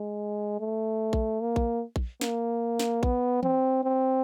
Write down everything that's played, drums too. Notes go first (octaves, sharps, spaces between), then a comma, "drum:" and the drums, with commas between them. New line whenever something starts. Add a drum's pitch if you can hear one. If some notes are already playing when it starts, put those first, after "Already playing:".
Already playing: G#3
A3
drum: kick A#1
A#3
drum: kick A#1
drum: kick A#1
A#3, drum: snare
drum: snare
B3, drum: kick A#1
C4, drum: tom
C4